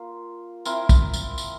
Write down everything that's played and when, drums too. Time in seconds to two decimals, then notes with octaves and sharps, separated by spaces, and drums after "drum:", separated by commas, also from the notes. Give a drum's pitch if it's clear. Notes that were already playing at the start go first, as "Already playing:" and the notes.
Already playing: A#3 F4
0.65 C4 E4 A#4, drum: tambourine
0.89 drum: kick, tambourine
1.14 drum: tambourine
1.38 drum: tambourine